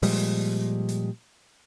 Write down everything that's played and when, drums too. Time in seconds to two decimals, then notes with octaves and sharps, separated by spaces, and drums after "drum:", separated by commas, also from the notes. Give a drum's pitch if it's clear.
0.02 A#2 F3 G3 G#3, drum: open hi-hat
0.89 drum: hi-hat